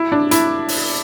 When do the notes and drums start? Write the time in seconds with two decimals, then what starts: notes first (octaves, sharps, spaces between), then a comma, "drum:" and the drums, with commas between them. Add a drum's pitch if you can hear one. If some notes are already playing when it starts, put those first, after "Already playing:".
Already playing: E4
0.12 D4
0.31 E4, drum: hi-hat
0.68 drum: open hi-hat